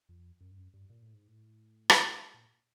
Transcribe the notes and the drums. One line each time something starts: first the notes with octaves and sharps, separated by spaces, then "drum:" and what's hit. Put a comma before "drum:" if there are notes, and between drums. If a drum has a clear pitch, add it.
F2
F#2
G2
F#2
G2
A#2
A2
G#2
A2
drum: rim click
A#2